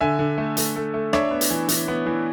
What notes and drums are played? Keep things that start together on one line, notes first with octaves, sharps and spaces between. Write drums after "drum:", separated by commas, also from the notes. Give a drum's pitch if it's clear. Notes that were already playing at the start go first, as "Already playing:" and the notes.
D3 E5 G#5
D3
A3
A3, drum: hi-hat
A3
A3
D4 C#5 E5, drum: rim click
B3
drum: hi-hat
E3
E3, drum: hi-hat
B3
E3